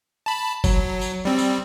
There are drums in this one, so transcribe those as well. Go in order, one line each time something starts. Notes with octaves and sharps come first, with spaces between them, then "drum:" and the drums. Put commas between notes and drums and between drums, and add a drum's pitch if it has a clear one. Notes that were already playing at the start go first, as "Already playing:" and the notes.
A5 B5
F#3, drum: kick F#1, tambourine
drum: tambourine
G3 C4
drum: tambourine